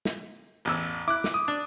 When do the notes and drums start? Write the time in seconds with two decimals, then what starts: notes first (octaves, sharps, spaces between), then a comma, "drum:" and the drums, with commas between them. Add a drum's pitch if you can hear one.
0.05 drum: snare
0.65 A1 E2 E6
1.08 E4 D6 F#6
1.24 drum: snare
1.34 D#6
1.48 D4